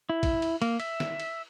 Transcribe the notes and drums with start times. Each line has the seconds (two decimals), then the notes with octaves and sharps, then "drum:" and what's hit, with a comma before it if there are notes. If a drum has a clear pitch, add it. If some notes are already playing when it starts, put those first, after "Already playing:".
0.10 E4
0.23 drum: kick, cymbal
0.42 drum: cymbal
0.62 A#3, drum: cymbal
0.80 E5, drum: cymbal
1.00 drum: snare
1.20 drum: cymbal